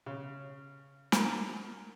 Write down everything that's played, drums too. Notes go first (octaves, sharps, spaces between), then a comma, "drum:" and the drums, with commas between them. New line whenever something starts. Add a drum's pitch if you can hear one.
C#3
A#4, drum: snare